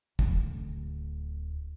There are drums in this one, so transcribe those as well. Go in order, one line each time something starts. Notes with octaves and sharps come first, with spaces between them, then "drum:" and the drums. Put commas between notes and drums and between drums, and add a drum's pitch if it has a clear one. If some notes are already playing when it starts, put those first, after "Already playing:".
D1 D2, drum: kick